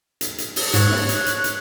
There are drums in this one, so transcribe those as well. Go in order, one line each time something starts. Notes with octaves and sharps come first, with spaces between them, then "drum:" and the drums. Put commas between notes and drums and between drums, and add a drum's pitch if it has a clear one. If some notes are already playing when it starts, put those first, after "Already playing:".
drum: hi-hat
drum: hi-hat
drum: open hi-hat
G#2 C#5 F#6, drum: hi-hat
drum: snare
drum: hi-hat
drum: hi-hat
drum: hi-hat